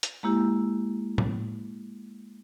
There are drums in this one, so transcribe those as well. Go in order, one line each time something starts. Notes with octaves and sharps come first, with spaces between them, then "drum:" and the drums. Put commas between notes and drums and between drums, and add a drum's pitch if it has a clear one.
drum: hi-hat
G#3 A#3 E4 G4
drum: tom A2